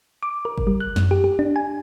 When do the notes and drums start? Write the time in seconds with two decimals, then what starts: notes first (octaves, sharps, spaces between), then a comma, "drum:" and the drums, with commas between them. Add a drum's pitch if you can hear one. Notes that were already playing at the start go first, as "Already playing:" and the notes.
0.23 D6
0.45 A#4
0.58 drum: kick G1
0.67 G3
0.80 F#6
0.96 F#2, drum: snare
1.11 G4
1.24 G4
1.39 D4
1.56 G#5